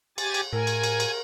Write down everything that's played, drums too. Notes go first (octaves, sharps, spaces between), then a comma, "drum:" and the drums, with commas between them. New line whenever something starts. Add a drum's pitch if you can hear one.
G4 G#5 A6, drum: cymbal
drum: cymbal
A2 A#4 G#5
drum: cymbal
drum: cymbal
drum: cymbal